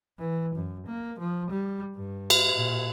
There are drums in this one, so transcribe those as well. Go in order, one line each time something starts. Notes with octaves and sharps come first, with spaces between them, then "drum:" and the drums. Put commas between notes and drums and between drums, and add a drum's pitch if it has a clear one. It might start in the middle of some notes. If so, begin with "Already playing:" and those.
E3
F#2
A#3
F3
G3
G2
drum: cymbal
A#2